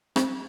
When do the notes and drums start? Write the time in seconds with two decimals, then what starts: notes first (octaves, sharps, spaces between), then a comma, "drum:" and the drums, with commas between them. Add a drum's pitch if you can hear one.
0.16 C4, drum: rim click